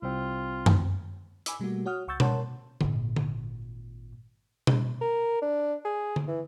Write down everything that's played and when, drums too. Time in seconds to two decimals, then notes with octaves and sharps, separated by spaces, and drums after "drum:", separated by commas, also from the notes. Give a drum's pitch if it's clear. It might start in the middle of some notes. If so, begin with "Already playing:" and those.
0.02 C2 C4 F4
0.66 drum: tom F#2
1.46 G#5 B5 D6 E6, drum: hi-hat
1.60 B2 G3 A3 A#3 F#4
1.86 F#4 C#5 F#5 D#6 F6
2.08 C#2 F#5 C#6 E6 G6 A6
2.20 A#4 C#5 F#5 A5 C6, drum: tom B2
2.81 G#1 A#2, drum: tom D3
3.16 drum: tom D3
4.67 drum: tom B2
5.01 A#4
5.42 D4
5.85 G#4
6.16 drum: tom D3
6.28 E3